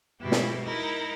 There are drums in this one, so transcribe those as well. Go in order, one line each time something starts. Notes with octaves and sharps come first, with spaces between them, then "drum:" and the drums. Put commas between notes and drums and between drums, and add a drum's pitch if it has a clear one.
G#2 B2 E4 G4
drum: snare
D#4 E4 A#4